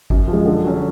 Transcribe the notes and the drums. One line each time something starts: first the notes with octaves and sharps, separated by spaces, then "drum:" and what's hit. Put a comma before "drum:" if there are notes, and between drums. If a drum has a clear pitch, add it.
F#2, drum: kick G#1
F3 G#3
D3
F#3 C#4